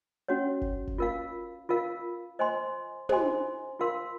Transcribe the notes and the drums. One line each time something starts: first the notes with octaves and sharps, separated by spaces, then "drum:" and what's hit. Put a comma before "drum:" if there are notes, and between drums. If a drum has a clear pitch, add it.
C#4 F#4 C#5 F#5
drum: kick F#1
drum: kick F#1
F4 A#4 F5
F4 A#4 F5
C5 D#5 G#5 C6
C5 D#5 G#5 C6, drum: tom
F4 A#4 F5 C6